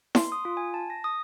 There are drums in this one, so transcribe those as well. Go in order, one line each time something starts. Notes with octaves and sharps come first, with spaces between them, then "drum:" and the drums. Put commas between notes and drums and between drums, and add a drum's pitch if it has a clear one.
C6, drum: snare E4
D#6
F4
G#5
A5
A#6
D#6